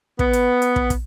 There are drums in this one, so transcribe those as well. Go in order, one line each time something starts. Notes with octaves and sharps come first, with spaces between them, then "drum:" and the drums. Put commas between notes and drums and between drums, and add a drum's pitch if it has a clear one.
B3, drum: kick
drum: hi-hat
drum: hi-hat
drum: kick
drum: kick, hi-hat